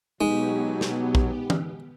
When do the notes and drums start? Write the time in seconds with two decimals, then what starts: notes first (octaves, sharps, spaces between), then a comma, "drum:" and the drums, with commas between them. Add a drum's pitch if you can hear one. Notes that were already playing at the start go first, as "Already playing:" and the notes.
0.21 B2 F#3 G#3 B3 D#4 G4
0.81 drum: snare
1.15 drum: kick A#1
1.50 drum: tom E3